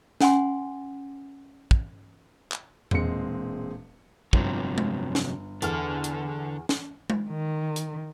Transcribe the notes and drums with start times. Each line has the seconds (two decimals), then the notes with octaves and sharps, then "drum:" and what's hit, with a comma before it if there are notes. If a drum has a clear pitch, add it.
0.21 C#4 F#5 G#5 C6, drum: snare
1.71 drum: kick
2.52 drum: clap
2.91 E1 A#2 G#3 C4 C#7, drum: tom E2
4.33 G1 F2 C3 F#3, drum: kick
4.78 drum: tom G#3
5.15 drum: snare
5.62 E2 D3 A4 F6, drum: hi-hat
6.04 drum: hi-hat
6.69 drum: snare
7.10 drum: tom G#3
7.28 D#3
7.76 drum: hi-hat